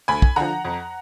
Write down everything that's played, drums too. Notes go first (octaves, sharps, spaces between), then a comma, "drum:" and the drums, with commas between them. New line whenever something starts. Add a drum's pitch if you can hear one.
D2 G#5 B5
drum: kick
D3 F3 F#5 A#5
F2